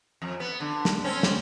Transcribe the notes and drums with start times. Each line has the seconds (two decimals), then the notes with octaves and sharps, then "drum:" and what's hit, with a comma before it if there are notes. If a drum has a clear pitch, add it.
0.22 F2
0.40 B3
0.60 D3
0.85 drum: snare
1.04 C4 C#4
1.23 drum: snare